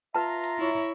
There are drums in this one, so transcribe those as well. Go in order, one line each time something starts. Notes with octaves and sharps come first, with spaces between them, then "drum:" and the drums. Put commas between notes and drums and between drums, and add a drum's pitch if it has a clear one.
F4 B4 E5 A5 A#5
drum: hi-hat
E4 C#5